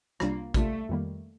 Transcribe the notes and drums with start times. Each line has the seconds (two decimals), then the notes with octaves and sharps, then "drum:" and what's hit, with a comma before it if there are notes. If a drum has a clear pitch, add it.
0.20 C2 C3 G3 A#3 D4 F4, drum: rim click
0.54 C2 C3 G3 A3 D4 F4, drum: kick A1, hi-hat
0.89 F2 D#3 G3 A#3